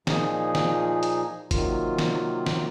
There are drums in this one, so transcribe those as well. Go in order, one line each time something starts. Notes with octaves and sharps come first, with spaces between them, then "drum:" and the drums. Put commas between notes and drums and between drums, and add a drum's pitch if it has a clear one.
A#2 F3 A#3 D#4 G#4, drum: snare
drum: snare
drum: hi-hat
C3 D#3 F#3 A#3 F4, drum: kick G1, hi-hat
drum: snare
drum: snare